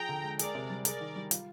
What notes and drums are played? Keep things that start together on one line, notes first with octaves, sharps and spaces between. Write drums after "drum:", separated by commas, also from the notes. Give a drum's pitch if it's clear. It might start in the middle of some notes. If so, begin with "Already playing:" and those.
Already playing: F3 G#4 G5 A#5
D3
G#3
G#4 A#4 D5, drum: hi-hat
C3
G3
G#4 A#4 D5, drum: hi-hat
D#3
G3
F4, drum: hi-hat